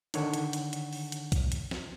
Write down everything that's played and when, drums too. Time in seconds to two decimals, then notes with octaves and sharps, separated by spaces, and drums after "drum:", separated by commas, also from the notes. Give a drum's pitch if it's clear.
0.14 D3 D#3 D4 C#5 F#5, drum: hi-hat
0.34 drum: hi-hat
0.53 drum: hi-hat
0.73 drum: hi-hat
0.93 drum: open hi-hat
1.12 drum: hi-hat
1.32 drum: kick, hi-hat
1.52 drum: hi-hat
1.71 drum: snare